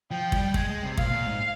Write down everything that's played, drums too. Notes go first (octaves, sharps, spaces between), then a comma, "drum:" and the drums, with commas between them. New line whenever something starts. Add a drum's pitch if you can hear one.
F3 G5
G3, drum: kick
G#3, drum: kick
G#3
C3
A#2 F5, drum: kick
A#2
G#2